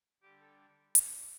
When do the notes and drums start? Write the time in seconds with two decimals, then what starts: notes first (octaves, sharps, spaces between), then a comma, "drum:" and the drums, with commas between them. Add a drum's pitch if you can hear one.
0.22 D3 G3 G4
0.41 A4
0.59 D4
0.95 D4, drum: hi-hat
1.13 D4